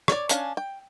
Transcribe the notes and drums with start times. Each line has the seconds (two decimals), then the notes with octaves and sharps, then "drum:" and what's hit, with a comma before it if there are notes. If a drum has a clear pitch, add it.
0.08 C#5 D5, drum: rim click
0.29 C#4 D4 F5 G#5, drum: hi-hat
0.57 G5